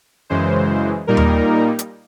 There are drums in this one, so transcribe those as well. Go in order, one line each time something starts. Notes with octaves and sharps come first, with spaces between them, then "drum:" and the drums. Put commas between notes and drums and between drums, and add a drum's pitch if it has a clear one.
F#2 C#3 E3 G#3 C5
A#2 G3 A#3 D#4 A#4
drum: tom D#2
drum: hi-hat